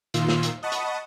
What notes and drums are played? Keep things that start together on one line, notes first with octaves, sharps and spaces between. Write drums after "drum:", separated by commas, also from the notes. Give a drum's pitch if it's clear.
A#2 D#3 F4 C6 E6, drum: hi-hat
drum: snare
drum: hi-hat
D#5 F#5 A5 B5 C#6 D#6
drum: hi-hat